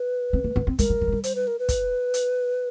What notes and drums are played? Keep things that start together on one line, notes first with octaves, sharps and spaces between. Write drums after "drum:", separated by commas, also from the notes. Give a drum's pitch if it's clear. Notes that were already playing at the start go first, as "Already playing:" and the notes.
Already playing: B4
C4
A#3
B3
C4
G3 A#4, drum: kick, hi-hat
F#3
F3
G#3
G3
C5, drum: hi-hat
B4
A#4
B4
drum: kick, hi-hat
drum: hi-hat